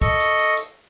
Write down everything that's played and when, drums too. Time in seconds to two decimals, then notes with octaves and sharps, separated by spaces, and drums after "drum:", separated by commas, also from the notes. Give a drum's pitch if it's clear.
0.02 A4 D#5 C#6, drum: kick, hi-hat
0.20 drum: hi-hat
0.39 drum: hi-hat
0.57 drum: hi-hat